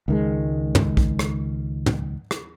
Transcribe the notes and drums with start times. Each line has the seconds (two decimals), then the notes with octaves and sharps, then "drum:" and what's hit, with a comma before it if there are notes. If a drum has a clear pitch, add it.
0.08 C#2 D#3 G#3
0.75 drum: tom
0.97 drum: kick A#1
1.19 drum: rim click
1.86 drum: tom
2.31 drum: rim click